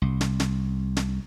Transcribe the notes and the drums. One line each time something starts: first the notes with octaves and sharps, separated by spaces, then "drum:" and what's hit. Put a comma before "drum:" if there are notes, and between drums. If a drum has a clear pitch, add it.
C2
drum: snare
drum: snare
drum: snare